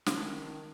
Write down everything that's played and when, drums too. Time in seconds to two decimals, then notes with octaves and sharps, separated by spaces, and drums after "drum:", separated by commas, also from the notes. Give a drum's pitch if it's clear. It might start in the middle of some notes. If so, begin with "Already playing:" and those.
0.06 C#3, drum: snare
0.17 D#3 C#4